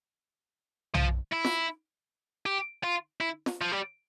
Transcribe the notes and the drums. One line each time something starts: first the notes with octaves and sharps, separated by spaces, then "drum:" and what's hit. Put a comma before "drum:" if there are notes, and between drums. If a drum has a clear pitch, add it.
F3, drum: tom B1
E4
drum: snare
G4
F4
E4
drum: snare
F3
G3